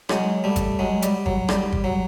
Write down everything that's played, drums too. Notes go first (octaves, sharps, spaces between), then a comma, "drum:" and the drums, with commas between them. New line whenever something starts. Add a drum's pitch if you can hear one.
F#3 G#3, drum: rim click
G3 A3
drum: kick, hi-hat
F#3 G#3
G3, drum: hi-hat
F#3, drum: kick
G3, drum: rim click
drum: kick
F#3